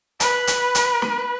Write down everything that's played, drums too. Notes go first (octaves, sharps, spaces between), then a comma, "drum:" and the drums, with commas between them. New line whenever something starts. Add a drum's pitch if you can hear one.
B4, drum: hi-hat
drum: hi-hat
drum: hi-hat
drum: snare